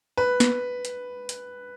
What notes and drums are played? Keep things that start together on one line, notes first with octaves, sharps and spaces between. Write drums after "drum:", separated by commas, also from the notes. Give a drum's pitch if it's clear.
B4
drum: snare
drum: hi-hat
drum: hi-hat